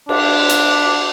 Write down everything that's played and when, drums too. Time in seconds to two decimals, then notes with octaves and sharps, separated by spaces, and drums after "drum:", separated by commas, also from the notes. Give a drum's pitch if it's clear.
0.09 D4, drum: cymbal
0.49 drum: hi-hat